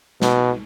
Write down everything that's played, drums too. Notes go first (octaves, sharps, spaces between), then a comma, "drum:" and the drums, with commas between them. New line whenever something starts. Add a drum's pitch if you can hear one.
B2, drum: snare